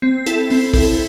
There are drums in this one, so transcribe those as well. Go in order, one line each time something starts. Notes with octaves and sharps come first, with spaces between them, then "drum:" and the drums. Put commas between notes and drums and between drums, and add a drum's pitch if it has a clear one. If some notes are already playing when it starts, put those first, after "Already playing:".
C4
E4 A4, drum: hi-hat
C4, drum: open hi-hat
E4 A4, drum: kick G#1, open hi-hat